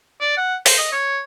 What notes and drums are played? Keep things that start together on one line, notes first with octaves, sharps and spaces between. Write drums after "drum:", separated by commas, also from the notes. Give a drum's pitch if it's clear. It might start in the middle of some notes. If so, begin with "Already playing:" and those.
D5
F#5
C5, drum: open hi-hat
D#5
C#5